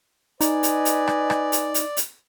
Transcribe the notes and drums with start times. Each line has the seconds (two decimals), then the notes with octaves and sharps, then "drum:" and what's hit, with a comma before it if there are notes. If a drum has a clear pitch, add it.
0.41 D#4 B4 D5 D#5 G#5, drum: hi-hat
0.63 drum: hi-hat
0.85 drum: hi-hat
1.07 drum: rim click
1.30 drum: rim click
1.52 drum: hi-hat
1.74 drum: hi-hat
1.97 drum: hi-hat